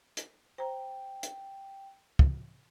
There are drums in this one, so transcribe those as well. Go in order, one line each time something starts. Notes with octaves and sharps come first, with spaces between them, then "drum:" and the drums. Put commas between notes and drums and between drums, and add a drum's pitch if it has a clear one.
drum: hi-hat
C5 G5 A#5
drum: hi-hat
drum: kick